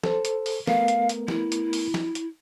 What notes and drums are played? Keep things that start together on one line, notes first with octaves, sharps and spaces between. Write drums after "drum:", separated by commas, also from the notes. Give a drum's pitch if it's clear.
A4 C5, drum: snare
drum: hi-hat
drum: open hi-hat
A3 B3 A#4 F5, drum: snare
drum: hi-hat
drum: hi-hat
E4, drum: snare
drum: hi-hat
drum: open hi-hat
drum: snare
drum: hi-hat